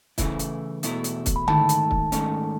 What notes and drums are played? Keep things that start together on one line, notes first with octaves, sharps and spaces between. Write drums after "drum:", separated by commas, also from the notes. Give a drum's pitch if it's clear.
C#3 E3 A3 E4, drum: kick, hi-hat
drum: hi-hat
E2 B2 A3 E4, drum: hi-hat
drum: hi-hat
drum: kick, hi-hat
B5
G#2 D#3 A3 E4 A5, drum: tom D3
drum: hi-hat
drum: kick
G#2 D#3 A3 C#4, drum: hi-hat